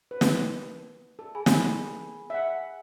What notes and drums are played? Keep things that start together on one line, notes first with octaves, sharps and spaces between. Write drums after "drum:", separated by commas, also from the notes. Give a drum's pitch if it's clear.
B4
drum: snare
A4
G#4 G#5 B5
drum: snare
E5 F#5